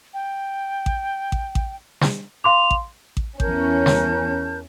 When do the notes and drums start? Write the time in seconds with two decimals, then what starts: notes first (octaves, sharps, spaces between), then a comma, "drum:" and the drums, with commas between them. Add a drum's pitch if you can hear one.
0.14 G5
0.86 drum: kick A1
1.32 drum: kick A1
1.55 drum: kick A1
2.01 drum: snare
2.44 F5 C6 D6 F7
2.71 drum: kick A1
3.17 drum: kick A1
3.40 E2 C#4 A#4 A5 G6, drum: kick A1
3.86 drum: snare